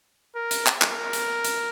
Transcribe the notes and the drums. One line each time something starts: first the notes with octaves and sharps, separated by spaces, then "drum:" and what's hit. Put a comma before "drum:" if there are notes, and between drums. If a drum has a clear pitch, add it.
A#4
drum: hi-hat
drum: clap
A#4, drum: clap
drum: hi-hat
drum: hi-hat